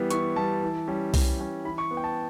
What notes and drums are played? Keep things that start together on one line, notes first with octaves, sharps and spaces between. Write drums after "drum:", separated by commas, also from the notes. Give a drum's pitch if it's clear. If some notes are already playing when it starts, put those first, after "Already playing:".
Already playing: E3 G3 B3
E3 C#6, drum: hi-hat
G3 B3 A5
E3
G3 C#4
E3, drum: kick C2, open hi-hat
G3 C#4
E3 B5
C#6
B3
G5
A5